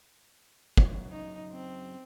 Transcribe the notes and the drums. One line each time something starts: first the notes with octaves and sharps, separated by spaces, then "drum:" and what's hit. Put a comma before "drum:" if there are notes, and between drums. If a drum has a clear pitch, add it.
F#2 C#3 F#3, drum: kick
D#4
C4